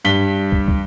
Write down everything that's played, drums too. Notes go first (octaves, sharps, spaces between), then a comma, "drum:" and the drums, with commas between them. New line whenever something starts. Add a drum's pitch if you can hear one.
G2 B6 G7
drum: kick
drum: kick